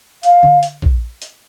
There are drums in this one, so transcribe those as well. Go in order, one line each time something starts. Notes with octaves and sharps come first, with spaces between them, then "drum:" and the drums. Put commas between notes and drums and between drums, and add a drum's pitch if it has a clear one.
F5, drum: hi-hat
drum: tom D3
drum: hi-hat
drum: kick A#1
drum: hi-hat